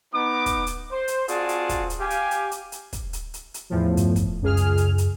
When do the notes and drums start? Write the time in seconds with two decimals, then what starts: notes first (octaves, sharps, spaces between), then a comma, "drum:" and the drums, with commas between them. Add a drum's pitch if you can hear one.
0.14 B3 D#4 D6
0.46 drum: kick, hi-hat
0.67 drum: hi-hat
0.91 C5
1.08 drum: hi-hat
1.28 C4 F4 F#4 G#4 D5 A5, drum: hi-hat
1.49 drum: hi-hat
1.69 drum: kick, hi-hat
1.90 drum: hi-hat
2.00 G4 F5 G#5
2.10 drum: hi-hat
2.31 drum: hi-hat
2.51 drum: hi-hat
2.72 drum: hi-hat
2.93 drum: kick, hi-hat
3.13 drum: hi-hat
3.34 drum: hi-hat
3.54 drum: hi-hat
3.70 E2 A2 F3
3.97 G2, drum: hi-hat
4.16 drum: kick, hi-hat
4.42 C#2 F#2 G#4 F6
4.57 drum: hi-hat
4.77 drum: hi-hat
4.98 drum: hi-hat